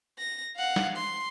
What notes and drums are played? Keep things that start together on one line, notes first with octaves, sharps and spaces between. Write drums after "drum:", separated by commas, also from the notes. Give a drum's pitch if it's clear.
A#6
F5 F#5
drum: snare
C6